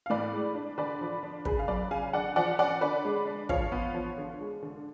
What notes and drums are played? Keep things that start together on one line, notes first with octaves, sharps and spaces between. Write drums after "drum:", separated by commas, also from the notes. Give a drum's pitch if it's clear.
F5
A2 B4 D5
G#3
D4
D3 B4 D5
F3
D4
C#3 G#4 B4, drum: kick
F5
F#3 B4 D5
C#3 F5 G#5
D3 D5 F#5
F3 D5 F#5
C#4 D5 F#5
D3 B4 D5
G#3
D4
F3 C#5 F5, drum: kick
B3
F3
D3
G#3
D3